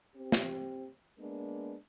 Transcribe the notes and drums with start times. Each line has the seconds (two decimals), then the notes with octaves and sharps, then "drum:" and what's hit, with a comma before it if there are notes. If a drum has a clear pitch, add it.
0.15 C4 G4
0.32 drum: snare
1.18 G#3 A#3 B3 D4